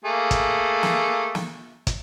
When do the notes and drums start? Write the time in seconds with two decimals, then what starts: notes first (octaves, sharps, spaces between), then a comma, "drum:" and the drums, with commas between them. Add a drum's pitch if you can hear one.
0.05 A3 A#3 G#4
0.31 drum: kick, hi-hat
0.83 drum: snare
1.35 drum: snare
1.87 drum: kick, hi-hat